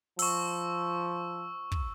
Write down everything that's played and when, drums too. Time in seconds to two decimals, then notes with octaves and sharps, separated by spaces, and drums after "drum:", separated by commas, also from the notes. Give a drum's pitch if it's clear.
0.19 F3 C#6 E6, drum: open hi-hat
1.72 drum: kick